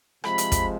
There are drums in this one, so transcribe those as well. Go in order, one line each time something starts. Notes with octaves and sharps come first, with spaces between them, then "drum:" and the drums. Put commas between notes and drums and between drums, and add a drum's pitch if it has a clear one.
C3 F3 G#3 B5, drum: rim click
drum: hi-hat
drum: kick, hi-hat